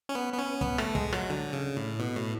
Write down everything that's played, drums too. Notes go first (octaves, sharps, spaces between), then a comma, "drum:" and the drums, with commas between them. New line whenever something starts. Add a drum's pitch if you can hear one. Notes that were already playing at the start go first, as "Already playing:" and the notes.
C#4
B3
B3
C#4
B3, drum: kick
A3, drum: rim click
G#3, drum: kick
F#3, drum: rim click
D3
C#3
A2
B2
A2